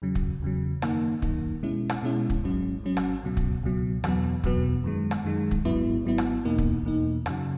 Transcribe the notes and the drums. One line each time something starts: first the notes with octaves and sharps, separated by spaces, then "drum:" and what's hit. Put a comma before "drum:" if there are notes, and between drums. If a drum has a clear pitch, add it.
E2 C#3 F#3
drum: kick
E2 C#3 F#3
F#2 D#3 A#3 D#4, drum: rim click
F#2 D#3 A#3 D#4, drum: kick
B2 G#3 C#4 E4
drum: rim click
B2 G#3 C#4 E4
drum: kick
G#1 G#2 F#3 C#4
G#1 G#2 F#3 C#4
drum: rim click
C#2 B2 F#3
drum: kick
C#2 B2 F#3
E2 B2 F#3 B3, drum: rim click
E2 B2 F#3 B3, drum: kick
F#2 D#3 G#3
drum: rim click
F#2 D#3 G#3
drum: kick
G#1 G#2 F#3 B3 E4
G#1 G#2 F#3 B3 E4
drum: rim click
E2 B2 A#3 D#4
drum: kick
E2 B2 A#3 D#4
F#2 C#3 F#3, drum: rim click